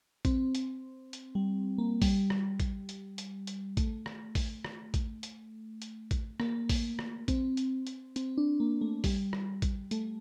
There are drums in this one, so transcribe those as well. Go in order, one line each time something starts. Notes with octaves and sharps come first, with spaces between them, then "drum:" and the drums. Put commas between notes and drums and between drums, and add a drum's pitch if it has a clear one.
C4, drum: kick, hi-hat
drum: hi-hat
drum: hi-hat
G3
A#3
G3, drum: kick, open hi-hat
drum: rim click
drum: kick, hi-hat
drum: hi-hat
drum: hi-hat
drum: hi-hat
A3, drum: kick, hi-hat
drum: rim click
drum: kick, open hi-hat
drum: rim click
drum: kick, hi-hat
drum: hi-hat
drum: hi-hat
drum: kick, hi-hat
A#3, drum: rim click
drum: kick, open hi-hat
drum: rim click
C4, drum: kick, hi-hat
drum: hi-hat
drum: hi-hat
C4, drum: hi-hat
D4
A#3
A3
G3, drum: kick, open hi-hat
drum: rim click
drum: kick, hi-hat
A3, drum: hi-hat